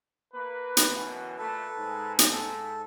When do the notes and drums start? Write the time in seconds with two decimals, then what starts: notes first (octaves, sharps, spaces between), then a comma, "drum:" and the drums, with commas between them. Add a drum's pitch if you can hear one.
0.33 A#3 B4
0.77 drum: hi-hat
0.94 F#2 B2 E3
1.38 A#2 A3 A4 B4
1.77 G#2
2.19 drum: hi-hat
2.31 A4